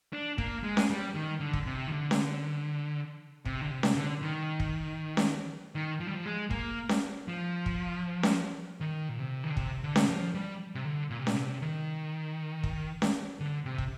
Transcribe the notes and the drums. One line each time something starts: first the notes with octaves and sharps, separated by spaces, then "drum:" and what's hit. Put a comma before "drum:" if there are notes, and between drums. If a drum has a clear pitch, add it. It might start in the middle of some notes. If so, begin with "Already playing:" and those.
D4
A#3, drum: kick
G#3
drum: snare C#4
G3
D#3
D3
drum: kick
C3
D#3
D3
drum: snare C#4
C3, drum: kick
D3
C3
drum: snare C#4
D3
D#3
drum: kick
drum: snare C#4
D#3
F3
G3
F3
G#3
A#3, drum: kick
drum: snare C#4
F3
drum: kick
drum: snare C#4
D#3
A#2
C3
D#3
D3
C3, drum: kick
D3
drum: snare C#4
F3
G3
C3
D3
A#2
C3
A#2, drum: snare C#4
C3
D#3
drum: kick
drum: snare C#4
D3
C3
drum: kick